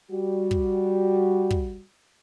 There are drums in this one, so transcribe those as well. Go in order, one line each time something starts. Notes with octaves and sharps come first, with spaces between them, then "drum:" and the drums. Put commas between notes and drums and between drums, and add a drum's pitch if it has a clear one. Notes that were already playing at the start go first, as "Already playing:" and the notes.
G3 F#4
drum: kick
drum: kick